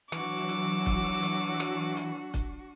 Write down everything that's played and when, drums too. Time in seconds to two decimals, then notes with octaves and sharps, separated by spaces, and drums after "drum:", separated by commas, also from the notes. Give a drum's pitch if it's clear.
0.12 E3 F#3 D4 F#4 D6 E6, drum: rim click
0.49 drum: hi-hat
0.86 drum: kick, hi-hat
1.23 drum: hi-hat
1.60 drum: rim click
1.97 drum: hi-hat
2.34 drum: kick, hi-hat